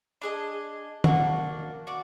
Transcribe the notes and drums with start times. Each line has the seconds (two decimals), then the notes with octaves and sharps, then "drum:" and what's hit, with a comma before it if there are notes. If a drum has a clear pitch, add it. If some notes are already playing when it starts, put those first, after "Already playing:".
0.22 D4 G#4 D#5
1.04 A#3 D4 F#4, drum: tom D#3
1.87 F#4 D5